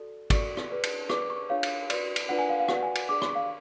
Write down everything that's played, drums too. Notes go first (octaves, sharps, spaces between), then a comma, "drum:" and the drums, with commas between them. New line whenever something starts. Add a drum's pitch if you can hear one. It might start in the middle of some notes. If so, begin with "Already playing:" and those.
Already playing: F#4 A4 D5
F#4 A4 D5 C#6, drum: kick, cymbal
drum: rim click
G#4 B4 D5
drum: cymbal
G#4 B4 D5 D6, drum: rim click
C#6
D4 F4 G#4 C#5 F5
drum: cymbal
F#4 B4 D5, drum: cymbal
drum: cymbal
D4 F4 B4 D5 F#5
G#5
F5
F5
F#4 B4 D5 F#5, drum: rim click
G#5
drum: cymbal
D4 G#4 D5 D6
C#6, drum: rim click
F5